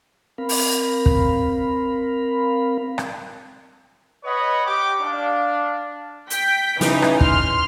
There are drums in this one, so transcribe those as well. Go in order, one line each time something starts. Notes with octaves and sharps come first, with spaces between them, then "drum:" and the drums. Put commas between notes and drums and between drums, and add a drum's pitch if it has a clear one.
C4 A#4 F5 B5
drum: open hi-hat
drum: kick
drum: rim click
B4 C#5 D#5 F#5 B5 C#6
G4 D6
D4 F5
G5 B6, drum: hi-hat
C#3 E3 D#4, drum: snare
drum: rim click
C6 F6, drum: kick